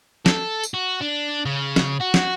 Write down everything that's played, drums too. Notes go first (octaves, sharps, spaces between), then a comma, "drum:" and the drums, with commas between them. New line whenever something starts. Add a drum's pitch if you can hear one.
A4, drum: snare
drum: tambourine
F#4
D4
C#3
drum: snare
F#4
drum: snare